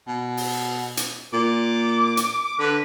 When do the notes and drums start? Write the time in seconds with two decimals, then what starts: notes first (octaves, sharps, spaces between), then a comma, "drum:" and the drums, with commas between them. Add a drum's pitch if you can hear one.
0.07 B2
0.37 drum: open hi-hat
0.97 drum: hi-hat
1.33 A#2 D6
2.17 drum: hi-hat
2.59 D3 B4